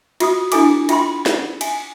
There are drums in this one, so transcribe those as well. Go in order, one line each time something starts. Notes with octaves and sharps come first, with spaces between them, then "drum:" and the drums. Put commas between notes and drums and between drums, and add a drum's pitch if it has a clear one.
F4 F#4 D#6, drum: cymbal
D4 E4 A4 G#5 D6, drum: cymbal
F4 G5 B5 C6, drum: cymbal
F#5, drum: snare
G#5, drum: cymbal